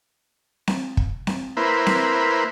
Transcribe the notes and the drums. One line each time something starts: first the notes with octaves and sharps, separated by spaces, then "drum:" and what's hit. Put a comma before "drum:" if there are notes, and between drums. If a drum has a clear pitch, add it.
drum: snare C4
drum: kick
drum: snare C4
A#3 E4 B4 C5
drum: snare C4